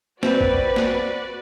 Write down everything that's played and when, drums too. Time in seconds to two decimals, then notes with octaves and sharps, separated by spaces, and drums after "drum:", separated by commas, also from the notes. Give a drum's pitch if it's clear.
0.23 C4 F#4 B4 D5, drum: snare
0.41 drum: kick
0.76 drum: snare